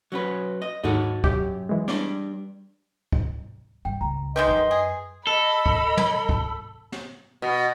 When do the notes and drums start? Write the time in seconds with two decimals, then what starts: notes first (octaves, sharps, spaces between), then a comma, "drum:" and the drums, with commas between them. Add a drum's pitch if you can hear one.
0.12 F#3 C#4 B4
0.62 D#5
0.84 D#2 G#2 F#4 A4 D#5
1.24 F#2 G4, drum: kick
1.69 E3 G#3
1.88 G3 D4 D5, drum: snare
3.12 drum: kick
3.85 G2 G5
4.01 C#2 A#5
4.36 D#3 G#3 G4 B4 D#5 C6
4.48 F#2
4.71 G#4
5.27 A4 D#5 B5
5.66 drum: kick
5.97 drum: tom
6.29 drum: kick
6.92 drum: snare
7.42 B2